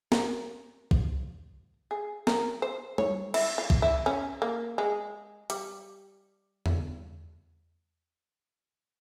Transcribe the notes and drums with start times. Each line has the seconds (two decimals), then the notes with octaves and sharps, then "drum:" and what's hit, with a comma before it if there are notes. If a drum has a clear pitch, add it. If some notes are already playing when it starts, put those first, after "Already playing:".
0.12 A#4, drum: snare
0.91 drum: kick
1.91 G#4
2.27 A#4, drum: snare
2.62 C5
2.98 C#5, drum: tom G3
3.34 E4, drum: cymbal
3.58 F4
3.70 drum: kick
3.82 E4
4.06 C#4
4.42 A#3
4.78 G#3
5.50 G3, drum: hi-hat
6.66 drum: tom E2